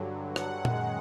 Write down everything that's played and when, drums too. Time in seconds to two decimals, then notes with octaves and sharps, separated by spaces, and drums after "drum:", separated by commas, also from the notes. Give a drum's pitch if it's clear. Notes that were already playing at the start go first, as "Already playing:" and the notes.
Already playing: G2 D3 F#3
0.36 F#5, drum: rim click
0.65 F#2 D#3 G#3, drum: tom A#2